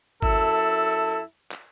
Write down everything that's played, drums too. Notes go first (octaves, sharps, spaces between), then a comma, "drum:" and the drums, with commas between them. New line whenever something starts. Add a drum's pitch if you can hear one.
F#2 E4 A4, drum: kick G#1
drum: clap